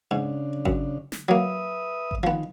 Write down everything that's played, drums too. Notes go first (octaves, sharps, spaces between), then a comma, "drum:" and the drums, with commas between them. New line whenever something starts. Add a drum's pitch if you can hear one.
G#2 C#3 D4
F#2, drum: kick G#1
drum: snare
F#3 A#3 B4 E5 D#6
drum: kick G#1
D#3 F3 B3